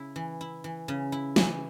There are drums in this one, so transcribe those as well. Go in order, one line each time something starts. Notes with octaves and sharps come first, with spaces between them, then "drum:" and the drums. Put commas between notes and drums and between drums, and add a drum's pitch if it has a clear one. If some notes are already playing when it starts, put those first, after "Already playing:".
Already playing: C#3 E4
E3
E4
E3
C#3
E4
E3, drum: snare